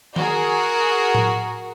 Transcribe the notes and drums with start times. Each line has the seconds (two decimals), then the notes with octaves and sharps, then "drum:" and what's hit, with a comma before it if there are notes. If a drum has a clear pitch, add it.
0.16 F#4 G#4 A#4, drum: tom D#3
1.15 drum: tom A2